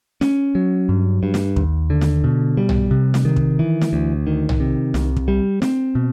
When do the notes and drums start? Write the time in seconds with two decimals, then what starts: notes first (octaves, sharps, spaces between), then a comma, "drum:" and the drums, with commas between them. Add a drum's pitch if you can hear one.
0.21 C#4, drum: snare
0.55 F#3
0.89 G2
1.23 G2
1.34 drum: snare
1.56 D#2, drum: kick
1.90 D3
2.01 drum: snare
2.24 B2
2.57 G3
2.69 drum: tom
2.91 C3
3.14 drum: snare
3.25 D#3
3.36 drum: kick
3.59 E3
3.81 drum: snare
3.93 D2
4.27 D#3
4.49 drum: tom
4.60 C3
4.94 C2, drum: snare
5.17 drum: kick
5.28 G3
5.62 C4, drum: snare
5.95 B2